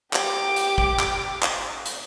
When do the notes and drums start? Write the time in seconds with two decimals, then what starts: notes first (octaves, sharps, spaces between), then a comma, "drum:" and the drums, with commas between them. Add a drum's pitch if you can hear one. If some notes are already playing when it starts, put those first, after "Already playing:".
0.13 G4 D6, drum: clap
0.56 drum: hi-hat
0.78 drum: kick G#1
0.99 drum: clap
1.43 drum: clap
1.86 drum: hi-hat